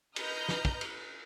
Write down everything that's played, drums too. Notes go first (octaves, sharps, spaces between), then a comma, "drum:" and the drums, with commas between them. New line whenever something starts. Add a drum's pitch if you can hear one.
B4 D#5 A#5 F6 G6, drum: cymbal
drum: snare
drum: kick
drum: cymbal